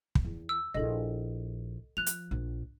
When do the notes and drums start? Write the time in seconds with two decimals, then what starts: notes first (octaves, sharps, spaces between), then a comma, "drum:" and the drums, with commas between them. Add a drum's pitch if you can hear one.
0.15 drum: kick
0.25 E2
0.49 E6
0.74 A#1 E4 A4 D#5
1.97 F3 F#6 F7
2.06 drum: hi-hat
2.31 A#1